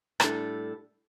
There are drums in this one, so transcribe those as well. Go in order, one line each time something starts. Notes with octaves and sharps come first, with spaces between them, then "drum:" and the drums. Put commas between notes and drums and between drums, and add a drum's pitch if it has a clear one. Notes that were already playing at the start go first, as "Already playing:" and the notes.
A2 G3 D4 A4, drum: rim click